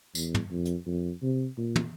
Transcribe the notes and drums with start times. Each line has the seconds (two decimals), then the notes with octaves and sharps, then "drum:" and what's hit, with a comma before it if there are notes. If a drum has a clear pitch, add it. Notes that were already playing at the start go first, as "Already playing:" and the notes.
0.15 E2, drum: tambourine
0.35 drum: tom
0.51 F2
0.65 drum: hi-hat
0.86 F2
1.22 C3
1.58 A#2
1.76 drum: tom